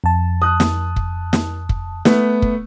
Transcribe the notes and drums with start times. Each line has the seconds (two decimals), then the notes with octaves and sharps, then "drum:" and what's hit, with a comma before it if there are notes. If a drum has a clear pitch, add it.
0.04 F2 A5
0.42 D#6 F#6
0.60 drum: snare
0.96 drum: kick
1.33 drum: snare
1.69 drum: kick
2.05 A3 B3, drum: snare
2.42 drum: kick